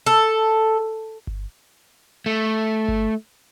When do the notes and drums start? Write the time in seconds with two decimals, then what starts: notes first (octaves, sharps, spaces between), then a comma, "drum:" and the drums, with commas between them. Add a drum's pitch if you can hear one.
0.06 A4
1.27 drum: kick G1
2.26 A3
2.88 drum: kick G1